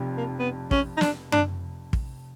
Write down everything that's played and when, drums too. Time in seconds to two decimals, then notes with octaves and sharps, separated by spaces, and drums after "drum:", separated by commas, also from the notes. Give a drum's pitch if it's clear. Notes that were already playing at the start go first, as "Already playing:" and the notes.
Already playing: F1 F2
0.17 A#3
0.39 B3
0.71 C#4, drum: kick
0.97 D#4
1.01 D4, drum: snare
1.32 D4, drum: tom F#2
1.93 drum: kick